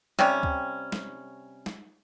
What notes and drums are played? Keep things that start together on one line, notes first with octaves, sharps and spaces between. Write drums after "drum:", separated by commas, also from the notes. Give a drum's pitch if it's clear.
C3 G3 C#4, drum: snare
drum: kick C#2
drum: snare
drum: snare